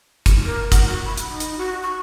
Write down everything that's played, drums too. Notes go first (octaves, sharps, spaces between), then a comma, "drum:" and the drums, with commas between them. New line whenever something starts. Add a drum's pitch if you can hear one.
drum: kick, hi-hat
A#4
F#5, drum: kick, hi-hat
F#4
B5
drum: hi-hat
D#4
drum: hi-hat
F#4
C#6